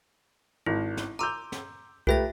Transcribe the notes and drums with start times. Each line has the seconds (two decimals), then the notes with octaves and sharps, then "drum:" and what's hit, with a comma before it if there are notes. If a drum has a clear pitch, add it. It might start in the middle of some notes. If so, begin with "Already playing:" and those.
0.66 G#1 E4
0.97 drum: snare
1.19 A#5 C6 D6 E6 G6
1.52 drum: snare
2.07 A3 F4 G4 B4 E5 A#6, drum: kick B1